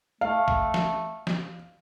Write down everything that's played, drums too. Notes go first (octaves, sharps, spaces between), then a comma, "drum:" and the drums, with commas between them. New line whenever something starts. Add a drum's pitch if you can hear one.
A3 F5
drum: kick
drum: snare
drum: snare